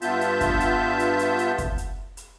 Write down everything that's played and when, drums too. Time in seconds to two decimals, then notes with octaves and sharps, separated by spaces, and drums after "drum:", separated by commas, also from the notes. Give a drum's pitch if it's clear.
0.02 G2 B3 F4 E5 A5 G6, drum: hi-hat
0.21 drum: hi-hat
0.41 drum: kick, hi-hat
0.60 drum: hi-hat
1.00 drum: hi-hat
1.19 drum: hi-hat
1.39 drum: hi-hat
1.58 drum: kick, hi-hat
1.78 drum: hi-hat
2.17 drum: hi-hat